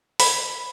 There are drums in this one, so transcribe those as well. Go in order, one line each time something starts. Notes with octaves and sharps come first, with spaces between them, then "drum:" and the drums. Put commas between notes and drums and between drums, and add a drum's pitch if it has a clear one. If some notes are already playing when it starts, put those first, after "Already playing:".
B5, drum: open hi-hat